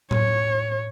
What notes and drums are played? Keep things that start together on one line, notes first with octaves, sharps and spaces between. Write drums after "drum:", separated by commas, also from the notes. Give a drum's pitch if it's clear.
C#5, drum: tom A2